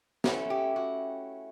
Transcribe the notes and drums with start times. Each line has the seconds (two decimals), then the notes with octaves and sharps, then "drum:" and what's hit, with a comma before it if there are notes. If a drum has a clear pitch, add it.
0.24 A3 C#4 E4, drum: snare
0.50 G4
0.76 F#4